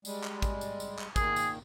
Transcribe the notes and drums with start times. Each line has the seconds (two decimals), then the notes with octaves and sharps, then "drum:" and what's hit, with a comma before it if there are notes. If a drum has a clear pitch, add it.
0.05 G3 G#3, drum: tambourine
0.24 drum: clap
0.42 drum: kick, tambourine
0.61 drum: tambourine
0.80 drum: tambourine
0.99 drum: clap
1.16 A#2 D#3 G#4, drum: kick, tambourine
1.36 drum: tambourine